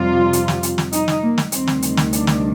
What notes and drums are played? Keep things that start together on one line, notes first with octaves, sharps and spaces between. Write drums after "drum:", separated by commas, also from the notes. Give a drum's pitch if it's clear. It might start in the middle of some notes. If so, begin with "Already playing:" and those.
Already playing: F2 C3 G3 F4
drum: hi-hat
drum: snare
drum: hi-hat
drum: snare
D#4, drum: hi-hat
drum: snare
A#3
drum: snare
D2 C3 D#3 G3 C4, drum: hi-hat
drum: snare
drum: hi-hat
drum: snare
D4, drum: hi-hat
drum: snare